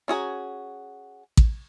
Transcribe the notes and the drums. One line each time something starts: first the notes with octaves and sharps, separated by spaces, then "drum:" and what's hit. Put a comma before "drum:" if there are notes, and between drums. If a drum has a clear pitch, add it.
C#4 F#4 G#4 A#5
drum: kick A1